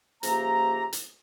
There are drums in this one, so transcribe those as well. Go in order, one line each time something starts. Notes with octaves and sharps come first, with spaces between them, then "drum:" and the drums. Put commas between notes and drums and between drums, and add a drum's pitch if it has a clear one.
C#2 F3 A#3 G4 E5 A#5, drum: hi-hat
drum: hi-hat